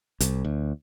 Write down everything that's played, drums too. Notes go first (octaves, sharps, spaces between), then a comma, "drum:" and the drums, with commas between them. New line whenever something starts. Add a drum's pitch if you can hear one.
C2, drum: hi-hat
D2